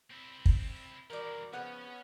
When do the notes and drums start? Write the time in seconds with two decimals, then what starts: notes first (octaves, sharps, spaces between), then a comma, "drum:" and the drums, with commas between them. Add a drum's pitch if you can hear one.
0.10 C4 E4
0.46 drum: kick
1.10 D#3 E3 G#3 F#4 A#4 D5
1.53 C#3 F3 B3 C#4 F#5 G#5